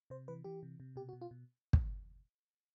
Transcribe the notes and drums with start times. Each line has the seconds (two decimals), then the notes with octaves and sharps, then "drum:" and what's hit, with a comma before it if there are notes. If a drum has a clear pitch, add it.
0.10 C3 C5
0.28 E3 B4
0.44 E3 G4
0.63 C3
0.80 C3
0.96 B2 G4
1.09 F#4
1.13 B2
1.21 F4
1.31 B2
1.73 drum: kick